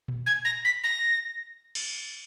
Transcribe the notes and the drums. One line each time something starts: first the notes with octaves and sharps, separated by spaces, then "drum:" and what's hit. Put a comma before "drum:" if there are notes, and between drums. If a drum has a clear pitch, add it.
drum: tom A#2
G#6
A#6
B6
A#6
drum: cymbal